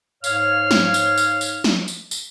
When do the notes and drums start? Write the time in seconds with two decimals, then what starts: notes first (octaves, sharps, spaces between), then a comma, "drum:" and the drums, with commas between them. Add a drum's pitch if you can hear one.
0.24 G#2 C#5 F5 F6, drum: tambourine
0.71 drum: snare
0.94 drum: tambourine
1.18 drum: tambourine
1.41 drum: tambourine
1.64 drum: snare
1.88 drum: tambourine
2.11 drum: tambourine